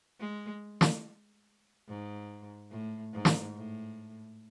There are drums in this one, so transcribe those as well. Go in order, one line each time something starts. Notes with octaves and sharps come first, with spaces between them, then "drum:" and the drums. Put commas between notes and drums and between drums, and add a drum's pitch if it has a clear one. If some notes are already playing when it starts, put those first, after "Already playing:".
G#3
drum: snare
G#2
A2
G#2
drum: snare
A2